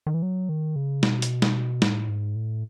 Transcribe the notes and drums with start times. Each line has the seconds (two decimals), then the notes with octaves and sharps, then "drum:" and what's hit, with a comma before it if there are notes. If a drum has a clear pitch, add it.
0.07 D#3
0.14 E3
0.22 F#3
0.49 D#3
0.76 C#3
1.03 B2, drum: snare
1.22 drum: hi-hat
1.42 drum: snare
1.82 A2, drum: snare
2.08 G#2
2.36 A2